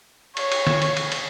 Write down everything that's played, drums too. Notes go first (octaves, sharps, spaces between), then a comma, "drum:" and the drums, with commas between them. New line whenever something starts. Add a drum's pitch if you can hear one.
C#5, drum: cymbal
drum: cymbal
drum: snare
drum: cymbal
drum: cymbal
drum: cymbal